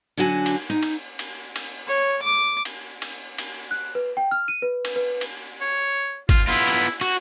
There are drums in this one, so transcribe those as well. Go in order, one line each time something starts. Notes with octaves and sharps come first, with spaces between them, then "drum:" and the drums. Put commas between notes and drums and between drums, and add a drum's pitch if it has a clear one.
D3 F#3 D4 F#4 G#5
drum: cymbal
D#4
drum: cymbal
drum: cymbal
drum: cymbal
C#5
D6
drum: cymbal
drum: cymbal
drum: cymbal
F#6
B4
G5
F6
D#7
B4
drum: cymbal
B4
drum: cymbal
C#5
F4, drum: kick G#1, cymbal
B3 E4 F4
drum: cymbal
F#4, drum: cymbal